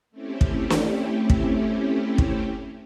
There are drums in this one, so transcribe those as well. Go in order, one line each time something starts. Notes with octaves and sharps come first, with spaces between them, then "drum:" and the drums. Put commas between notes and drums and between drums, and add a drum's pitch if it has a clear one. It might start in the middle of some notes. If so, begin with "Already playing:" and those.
A3 C4 C#4 E4 G4
drum: kick
drum: snare
drum: kick
drum: kick